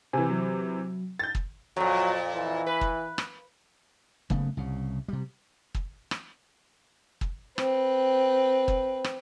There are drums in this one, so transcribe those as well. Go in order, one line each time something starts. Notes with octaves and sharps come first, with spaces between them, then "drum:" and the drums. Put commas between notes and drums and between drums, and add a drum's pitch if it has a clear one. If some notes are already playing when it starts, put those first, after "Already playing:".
C3 E3 G#5
F#3
G6 A6
drum: kick
F2 A#2 F#3
E3
B4
drum: kick
drum: rim click
F#1 C#3 A3 B3, drum: kick
C2 C#3
C3 G3
drum: kick
drum: rim click
drum: kick
C4 B4, drum: rim click
drum: kick
drum: rim click